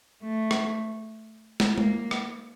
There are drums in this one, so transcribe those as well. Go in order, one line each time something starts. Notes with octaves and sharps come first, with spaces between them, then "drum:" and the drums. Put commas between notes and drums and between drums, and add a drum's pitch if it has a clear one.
A3
drum: rim click
drum: snare
A#3, drum: tom G#3
drum: rim click